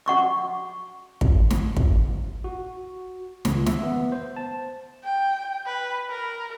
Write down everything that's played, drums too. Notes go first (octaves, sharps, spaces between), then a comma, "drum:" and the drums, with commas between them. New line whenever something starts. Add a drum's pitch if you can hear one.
F#4 F#5 C#6 D6
drum: kick
drum: snare
drum: kick
F#4
C#2, drum: snare
E5, drum: snare
B3
C5
A5
G5
B4
A#4